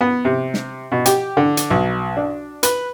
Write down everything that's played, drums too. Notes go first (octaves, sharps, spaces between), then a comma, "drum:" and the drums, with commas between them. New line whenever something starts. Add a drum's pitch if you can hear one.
B3
C3
drum: snare
B2
G4, drum: hi-hat
D3
drum: hi-hat
B1
D4
B4, drum: hi-hat